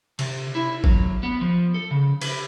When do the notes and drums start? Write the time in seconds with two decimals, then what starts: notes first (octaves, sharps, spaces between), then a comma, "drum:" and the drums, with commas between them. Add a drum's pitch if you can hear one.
0.19 C3, drum: cymbal
0.55 E4
0.84 F#3, drum: kick G#1
1.23 B3
1.41 F3
1.74 A4
1.91 C#3
2.22 B4, drum: cymbal